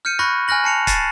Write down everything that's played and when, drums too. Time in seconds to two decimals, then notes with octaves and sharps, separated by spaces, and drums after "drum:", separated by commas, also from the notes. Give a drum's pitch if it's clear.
0.05 F6 G6 C#7 D#7
0.19 B5 C#6 F#6 G#6 A#6
0.48 G#5 F6 F#6 A#6 F#7
0.64 A5 C7 C#7 F7
0.87 A6 C7 C#7 D#7 E7, drum: kick, hi-hat